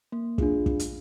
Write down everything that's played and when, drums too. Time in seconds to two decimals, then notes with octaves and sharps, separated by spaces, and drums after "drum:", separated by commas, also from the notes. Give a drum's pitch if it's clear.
0.12 A#3
0.38 D4 F4 G#4, drum: kick
0.66 drum: kick
0.80 drum: hi-hat